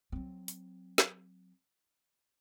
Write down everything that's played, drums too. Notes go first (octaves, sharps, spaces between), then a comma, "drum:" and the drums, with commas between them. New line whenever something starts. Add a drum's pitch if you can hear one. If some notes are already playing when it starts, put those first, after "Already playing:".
F#3 C4
drum: hi-hat
drum: snare